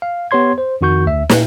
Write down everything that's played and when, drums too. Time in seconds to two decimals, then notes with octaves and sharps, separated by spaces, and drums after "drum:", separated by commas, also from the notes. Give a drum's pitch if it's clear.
0.02 F5
0.31 B3 G4 C#5 C6 G#6
0.58 C5
0.81 F2 D#3 F#4 C#6 G6
1.06 D2 E5
1.30 A#2, drum: snare